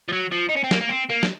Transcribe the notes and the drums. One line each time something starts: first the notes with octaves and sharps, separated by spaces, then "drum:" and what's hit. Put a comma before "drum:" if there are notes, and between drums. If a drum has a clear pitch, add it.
F3
F#3
F3
D#4
C#4
C4
A#3, drum: snare
A#3
C4
A#3
drum: snare